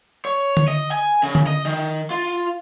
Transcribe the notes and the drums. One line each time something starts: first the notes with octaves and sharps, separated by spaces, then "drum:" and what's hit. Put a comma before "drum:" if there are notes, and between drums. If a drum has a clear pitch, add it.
C#5
drum: tom D3
D#5
G#5
C#3
drum: tom D3
D#5
D#3
F4